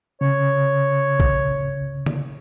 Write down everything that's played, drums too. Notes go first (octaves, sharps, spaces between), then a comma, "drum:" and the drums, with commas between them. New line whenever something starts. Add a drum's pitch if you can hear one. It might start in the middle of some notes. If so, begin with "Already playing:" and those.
C#3 C#5
drum: kick B1
drum: tom D3